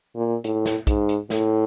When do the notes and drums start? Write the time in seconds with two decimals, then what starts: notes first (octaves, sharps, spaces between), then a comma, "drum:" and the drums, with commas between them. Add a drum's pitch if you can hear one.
0.15 A#2
0.44 A2, drum: hi-hat
0.66 drum: snare
0.87 G#2, drum: kick, hi-hat
1.09 drum: hi-hat
1.30 A2, drum: snare